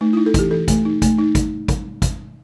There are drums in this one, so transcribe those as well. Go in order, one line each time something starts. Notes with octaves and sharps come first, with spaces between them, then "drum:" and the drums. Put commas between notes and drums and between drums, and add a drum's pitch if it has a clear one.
A3 D#4
D#4 E4
A4
E3 G4, drum: kick, hi-hat
E3 A4
A3, drum: kick, hi-hat
D#4
A3, drum: kick, hi-hat
D#4
drum: kick, hi-hat
drum: kick, hi-hat
drum: kick, hi-hat